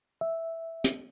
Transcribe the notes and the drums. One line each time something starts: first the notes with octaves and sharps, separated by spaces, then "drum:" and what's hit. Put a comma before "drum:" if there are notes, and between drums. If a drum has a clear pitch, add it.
E5
drum: hi-hat